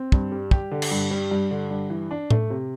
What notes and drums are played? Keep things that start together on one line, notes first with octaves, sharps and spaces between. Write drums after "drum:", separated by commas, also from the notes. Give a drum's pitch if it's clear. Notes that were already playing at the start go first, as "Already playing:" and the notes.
Already playing: C4
G2, drum: kick
G3
G4, drum: kick
D3
drum: cymbal
G2
G3
G2
D3
G2
E3
D4
A3, drum: tom A2
C3